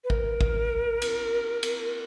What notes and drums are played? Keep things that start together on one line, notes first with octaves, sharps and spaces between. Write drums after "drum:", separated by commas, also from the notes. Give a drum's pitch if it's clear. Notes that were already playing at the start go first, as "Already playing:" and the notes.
B4
A#4, drum: kick
drum: kick
drum: cymbal
drum: cymbal